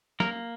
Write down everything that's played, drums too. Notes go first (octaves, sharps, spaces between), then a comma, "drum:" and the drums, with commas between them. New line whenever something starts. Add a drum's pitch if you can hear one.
A#3 A#4, drum: snare